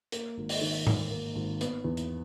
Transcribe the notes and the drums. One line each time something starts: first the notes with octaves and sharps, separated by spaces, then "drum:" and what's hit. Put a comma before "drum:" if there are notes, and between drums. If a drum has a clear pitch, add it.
A#3, drum: hi-hat
G#1
drum: open hi-hat
D#3
G#2, drum: tom G#2
A#3
G#1
B3, drum: hi-hat
E2
drum: hi-hat